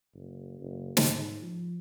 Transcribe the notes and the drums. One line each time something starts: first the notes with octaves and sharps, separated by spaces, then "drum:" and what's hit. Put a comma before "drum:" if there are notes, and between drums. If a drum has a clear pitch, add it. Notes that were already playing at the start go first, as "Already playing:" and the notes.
F#1
F#1
G#2, drum: snare
F3